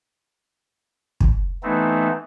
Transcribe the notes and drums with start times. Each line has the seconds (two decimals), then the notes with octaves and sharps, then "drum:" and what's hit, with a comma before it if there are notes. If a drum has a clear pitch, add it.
1.20 drum: kick
1.63 E3 A3 B3 C4 D#4